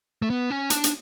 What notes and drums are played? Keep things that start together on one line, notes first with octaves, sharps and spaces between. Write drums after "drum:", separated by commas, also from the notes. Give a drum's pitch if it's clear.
A3
B3
C#4
D4, drum: hi-hat
drum: hi-hat